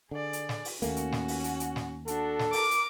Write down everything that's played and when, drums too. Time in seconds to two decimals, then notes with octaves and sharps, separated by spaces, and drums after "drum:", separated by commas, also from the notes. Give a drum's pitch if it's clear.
0.11 D3 G#4 D5
0.33 drum: hi-hat
0.49 drum: snare
0.65 drum: open hi-hat
0.82 D#2 A3 A#3 C#4 F#4, drum: hi-hat
0.97 drum: hi-hat
1.12 drum: snare
1.28 drum: open hi-hat
1.44 drum: hi-hat
1.60 drum: hi-hat
1.76 drum: snare
2.08 D4 F#4 A4, drum: hi-hat
2.39 drum: snare
2.53 A#4 A#5 D6, drum: open hi-hat
2.71 drum: hi-hat